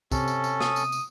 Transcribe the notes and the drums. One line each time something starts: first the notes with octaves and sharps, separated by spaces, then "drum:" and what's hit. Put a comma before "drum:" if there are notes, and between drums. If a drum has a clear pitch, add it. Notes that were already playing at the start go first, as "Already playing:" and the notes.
C3 C#4 A4, drum: kick, tambourine
drum: tambourine
drum: tambourine
D#6, drum: snare
drum: tambourine
drum: tambourine